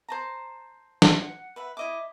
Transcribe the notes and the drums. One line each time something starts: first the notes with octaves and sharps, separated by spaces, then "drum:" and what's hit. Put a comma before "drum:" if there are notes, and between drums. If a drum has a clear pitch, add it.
C5 A5 A#5
F#5, drum: snare
B4 E5 B5
E4 D#5 E5 D6